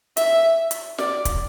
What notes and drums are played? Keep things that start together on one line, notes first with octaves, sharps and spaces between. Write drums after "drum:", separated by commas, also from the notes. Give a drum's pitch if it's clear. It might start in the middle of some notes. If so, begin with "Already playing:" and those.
E5, drum: hi-hat
drum: hi-hat
D5, drum: snare
drum: kick, hi-hat